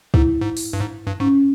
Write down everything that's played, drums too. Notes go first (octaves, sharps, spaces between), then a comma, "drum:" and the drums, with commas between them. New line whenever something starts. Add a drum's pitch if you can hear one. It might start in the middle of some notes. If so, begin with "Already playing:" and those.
G#2 E4, drum: kick
G#2
drum: open hi-hat
G2
G#2
G2
G#2 C#4